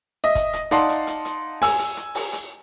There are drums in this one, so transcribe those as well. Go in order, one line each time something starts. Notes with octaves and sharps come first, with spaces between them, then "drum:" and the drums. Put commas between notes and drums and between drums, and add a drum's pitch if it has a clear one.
D#5 E5
drum: kick, hi-hat
drum: hi-hat
D#4 D5 F5 F#5 A5 C6, drum: hi-hat
drum: hi-hat
drum: hi-hat
drum: hi-hat
G#5 E6, drum: open hi-hat
drum: hi-hat
drum: hi-hat
drum: open hi-hat
drum: hi-hat